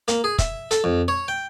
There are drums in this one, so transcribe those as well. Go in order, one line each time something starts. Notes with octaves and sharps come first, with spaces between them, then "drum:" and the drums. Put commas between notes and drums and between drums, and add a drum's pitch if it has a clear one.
A#3, drum: hi-hat
G#4
E5, drum: kick, hi-hat
A4, drum: hi-hat
F2
C#5
G5